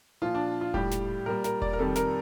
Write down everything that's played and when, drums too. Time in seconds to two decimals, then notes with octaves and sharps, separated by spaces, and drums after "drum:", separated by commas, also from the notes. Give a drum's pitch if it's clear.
0.22 A#2 F3 F4
0.35 D4
0.61 F4
0.74 A2 G3 G4, drum: kick E1
0.92 drum: snare
1.26 A#2 G3 A#4
1.44 A#4, drum: snare
1.62 D5, drum: kick E1
1.73 A#4
1.79 F2 D#3 G3 A4
1.96 A#4, drum: snare